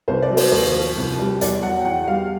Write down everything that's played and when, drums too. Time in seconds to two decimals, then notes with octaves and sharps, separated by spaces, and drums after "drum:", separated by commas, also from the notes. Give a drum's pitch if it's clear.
0.08 C2 C5
0.22 D5
0.30 F#3
0.37 C5, drum: open hi-hat
0.52 D#2 C5
0.74 F3
0.96 C2
1.19 G3
1.41 E2 D5, drum: hi-hat
1.63 F#3 F#5
1.79 G5
1.85 E2 F#5
2.07 G3 F5